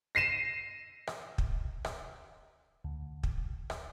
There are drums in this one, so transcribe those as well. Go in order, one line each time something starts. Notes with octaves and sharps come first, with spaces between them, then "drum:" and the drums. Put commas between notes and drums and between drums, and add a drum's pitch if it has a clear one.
A#6 C7 D#7 E7
drum: rim click
drum: kick
drum: rim click
D2
drum: kick
drum: rim click